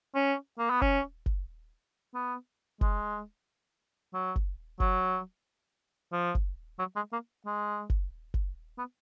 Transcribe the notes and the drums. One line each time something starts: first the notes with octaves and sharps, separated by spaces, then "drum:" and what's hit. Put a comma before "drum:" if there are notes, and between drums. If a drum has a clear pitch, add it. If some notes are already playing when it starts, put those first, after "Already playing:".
C#4
A#3
B3
C#4, drum: kick F#1
drum: kick F#1
B3
G#3, drum: kick F#1
F#3
drum: kick F#1
F#3, drum: kick F#1
F3
drum: kick F#1
F#3
G#3
A#3
G#3
drum: kick F#1
drum: kick F#1
B3